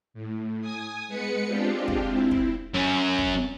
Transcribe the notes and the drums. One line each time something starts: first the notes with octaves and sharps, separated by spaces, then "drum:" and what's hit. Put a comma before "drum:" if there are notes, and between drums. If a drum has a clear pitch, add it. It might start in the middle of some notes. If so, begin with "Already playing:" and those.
A2
G#5 D#6
G#3 B3 B4 C#7
G#3 C4 D4 F4 G4
drum: kick
C4 E4
drum: kick
F#2 C#4
drum: kick